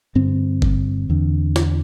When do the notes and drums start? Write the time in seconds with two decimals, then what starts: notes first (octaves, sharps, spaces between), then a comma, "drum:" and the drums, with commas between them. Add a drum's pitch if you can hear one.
0.15 G2 D3 C4
0.62 drum: kick F#1
1.10 E2 D3
1.56 drum: snare